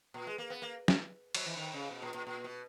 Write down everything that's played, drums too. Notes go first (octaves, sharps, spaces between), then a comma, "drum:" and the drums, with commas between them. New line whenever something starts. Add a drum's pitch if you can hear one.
A#2
G#3
A#3
B3
A#3
drum: snare
F#3, drum: cymbal
E3
D#3
C#3
B2
A#2
A#2
A#2
B2